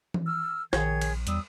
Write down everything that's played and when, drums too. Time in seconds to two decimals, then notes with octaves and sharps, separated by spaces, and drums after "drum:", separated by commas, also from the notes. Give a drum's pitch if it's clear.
0.14 drum: tom E3
0.25 E6 F6
0.73 A#1 D#3 G#4 C#5 G#6, drum: snare
1.01 drum: cymbal
1.27 E2 G3 D#6 E6, drum: hi-hat